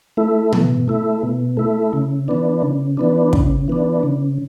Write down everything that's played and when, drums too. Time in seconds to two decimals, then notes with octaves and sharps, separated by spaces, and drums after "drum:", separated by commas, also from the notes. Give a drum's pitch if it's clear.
0.17 A3 E4
0.52 B2, drum: tom
0.88 A3 E4
1.23 B2
1.57 A3 E4
1.93 C#3
2.28 E3 B3 D4
2.62 C#3
2.97 E3 B3 D4
3.33 C#3, drum: kick
3.68 E3 B3 D4
4.03 C#3